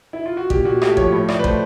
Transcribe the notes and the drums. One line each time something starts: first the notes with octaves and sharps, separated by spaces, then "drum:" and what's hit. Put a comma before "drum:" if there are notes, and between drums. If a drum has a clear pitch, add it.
E4
F4
F#4
A#2 G4, drum: kick
A#2 F#4
A3 G4, drum: rim click
F3 C#5, drum: kick
A2 C#5
A2 D5, drum: rim click
B4
A3 C5, drum: kick